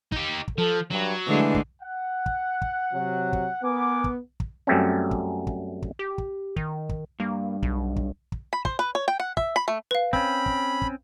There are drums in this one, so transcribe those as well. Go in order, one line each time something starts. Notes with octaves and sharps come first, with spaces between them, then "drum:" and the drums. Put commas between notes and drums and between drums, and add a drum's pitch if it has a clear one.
D#4 G4, drum: kick
drum: kick
F3 A4
G2 F#3
D3 E3 G#3 A3
drum: kick
F#5
drum: kick
drum: kick
C3 F#3
drum: kick
B3 A#4 G#5 D6
drum: kick
drum: kick
F#2 G3 A3 C4 C#4
drum: kick
drum: kick
drum: kick
G4
drum: kick
D#3, drum: kick
drum: kick
G2 A#3
B1, drum: kick
drum: kick
drum: kick
B5
C5, drum: kick
B4
C#5
G5
F#5
E5, drum: kick
B5
A3
B4 F5
C4 C#4 B5, drum: kick
drum: kick
drum: kick